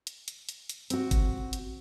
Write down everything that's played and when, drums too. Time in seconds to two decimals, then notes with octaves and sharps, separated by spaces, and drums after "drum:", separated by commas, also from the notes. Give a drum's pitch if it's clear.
0.07 drum: hi-hat
0.28 drum: hi-hat
0.49 drum: hi-hat
0.69 drum: hi-hat
0.90 C4 F#4, drum: hi-hat
1.11 drum: kick G1, hi-hat
1.53 drum: hi-hat